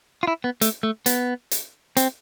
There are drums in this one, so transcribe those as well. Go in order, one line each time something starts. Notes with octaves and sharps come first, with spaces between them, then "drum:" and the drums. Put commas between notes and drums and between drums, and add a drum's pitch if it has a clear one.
F4
E4
B3
A3, drum: hi-hat
A3
B3, drum: hi-hat
drum: hi-hat
C4, drum: hi-hat